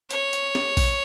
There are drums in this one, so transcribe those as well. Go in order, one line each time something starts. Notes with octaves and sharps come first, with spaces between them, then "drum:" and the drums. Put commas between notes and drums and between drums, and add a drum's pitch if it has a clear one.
C#5, drum: hi-hat
drum: hi-hat
drum: snare
drum: kick A#1, open hi-hat